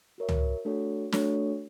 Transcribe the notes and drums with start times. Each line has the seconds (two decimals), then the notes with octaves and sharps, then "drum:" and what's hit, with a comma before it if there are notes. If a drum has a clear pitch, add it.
0.18 F#4 A#4 C#5 E5
0.29 drum: tom C#2
0.65 A3 D4 F#4 A4 C#5
1.12 A3 D4 F#4 A4 C#5, drum: snare